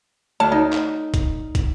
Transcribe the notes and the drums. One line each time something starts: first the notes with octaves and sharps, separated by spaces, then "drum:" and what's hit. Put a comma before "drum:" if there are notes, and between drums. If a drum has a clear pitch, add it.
D2 C#5 A5 F6
D#4 C#5
drum: clap
drum: kick, hi-hat
drum: kick, hi-hat